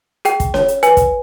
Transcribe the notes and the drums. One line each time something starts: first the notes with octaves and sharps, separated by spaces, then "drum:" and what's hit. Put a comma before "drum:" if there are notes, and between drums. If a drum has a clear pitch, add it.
G#4 G5, drum: hi-hat
drum: kick, hi-hat
C#5, drum: snare C#4
drum: hi-hat
B4 G#5, drum: hi-hat
drum: kick, hi-hat